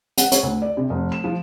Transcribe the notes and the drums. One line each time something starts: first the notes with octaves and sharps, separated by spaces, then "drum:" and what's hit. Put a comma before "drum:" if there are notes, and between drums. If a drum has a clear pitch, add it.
F#5, drum: hi-hat
C#5, drum: hi-hat
D2
D5
C3
F1
E7
F3